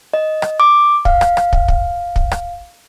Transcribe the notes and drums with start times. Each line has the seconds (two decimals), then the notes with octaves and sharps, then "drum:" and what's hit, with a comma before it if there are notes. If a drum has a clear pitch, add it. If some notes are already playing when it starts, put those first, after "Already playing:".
0.14 D#5
0.42 drum: rim click
0.60 D6
1.05 F5, drum: kick
1.21 drum: rim click
1.37 drum: rim click
1.53 drum: kick
1.68 drum: kick
2.16 drum: kick
2.32 drum: rim click